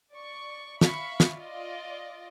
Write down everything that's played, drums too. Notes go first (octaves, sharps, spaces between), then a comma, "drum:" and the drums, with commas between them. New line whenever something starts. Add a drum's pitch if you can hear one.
D5 C#6
E5 F5 B5 C#6, drum: snare
drum: snare
F4 D5 D#5